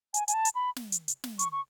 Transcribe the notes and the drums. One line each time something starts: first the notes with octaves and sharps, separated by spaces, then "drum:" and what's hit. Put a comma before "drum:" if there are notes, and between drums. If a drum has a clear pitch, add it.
G#5, drum: hi-hat
G#5, drum: hi-hat
A5
drum: hi-hat
B5
drum: snare
drum: hi-hat
drum: hi-hat
drum: snare
C#6, drum: hi-hat
C#6